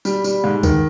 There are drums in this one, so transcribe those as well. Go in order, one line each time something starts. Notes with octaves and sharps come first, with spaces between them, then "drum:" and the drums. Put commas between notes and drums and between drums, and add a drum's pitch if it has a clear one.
G3, drum: tambourine
G3, drum: tambourine
G#2
D#3, drum: kick C#2, tambourine